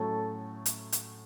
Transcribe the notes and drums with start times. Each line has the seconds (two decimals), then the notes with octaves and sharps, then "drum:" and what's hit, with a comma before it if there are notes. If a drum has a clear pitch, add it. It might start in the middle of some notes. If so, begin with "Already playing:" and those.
Already playing: A2 F#3 A3 C#4 A4
0.66 drum: hi-hat
0.92 drum: hi-hat